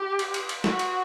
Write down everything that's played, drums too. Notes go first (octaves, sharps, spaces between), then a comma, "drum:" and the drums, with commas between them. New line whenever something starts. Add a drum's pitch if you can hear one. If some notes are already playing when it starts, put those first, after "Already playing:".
Already playing: G4
drum: cymbal
drum: cymbal
drum: cymbal
F#4, drum: snare
drum: cymbal